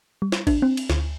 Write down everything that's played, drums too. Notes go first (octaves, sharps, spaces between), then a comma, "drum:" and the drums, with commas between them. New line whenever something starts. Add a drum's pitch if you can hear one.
G3
drum: snare
D4, drum: kick, cymbal
C4
drum: cymbal
D2, drum: snare